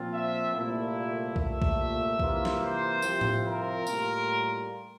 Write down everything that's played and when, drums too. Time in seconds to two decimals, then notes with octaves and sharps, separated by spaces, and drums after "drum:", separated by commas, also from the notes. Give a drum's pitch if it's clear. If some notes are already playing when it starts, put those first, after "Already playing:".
Already playing: A#2 F3 C4 F4
0.11 E5
0.52 C2 A#2 A3 E4
1.36 C2 A#2 A3 E5, drum: kick B1
1.62 drum: kick B1
2.19 C3 E3 A#3 F4, drum: kick B1
2.45 drum: snare
2.61 C5
3.02 C2 C3 F3 C4 F4, drum: tambourine
3.21 drum: tom A2
3.45 A#4
3.87 A2 G3 A#3 F4, drum: tambourine